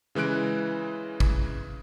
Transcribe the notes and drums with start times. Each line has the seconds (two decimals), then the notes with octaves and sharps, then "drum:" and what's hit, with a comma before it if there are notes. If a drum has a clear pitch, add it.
0.15 C#3 E3 G#3 F#6 D7
1.20 drum: kick